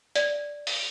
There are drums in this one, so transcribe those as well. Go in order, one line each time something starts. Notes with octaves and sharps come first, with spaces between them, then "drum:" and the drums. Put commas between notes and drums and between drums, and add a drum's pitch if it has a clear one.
D5, drum: hi-hat
drum: open hi-hat